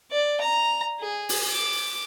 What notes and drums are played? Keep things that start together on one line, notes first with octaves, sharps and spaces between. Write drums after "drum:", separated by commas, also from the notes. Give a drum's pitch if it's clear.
D5
A#5
G#4
drum: open hi-hat
D6